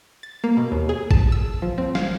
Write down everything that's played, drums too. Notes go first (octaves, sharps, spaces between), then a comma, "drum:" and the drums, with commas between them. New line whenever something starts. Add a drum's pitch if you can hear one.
A6
A#3
B2
D#2
G#4
A5, drum: kick G#1
E6
F3
C4
F5, drum: snare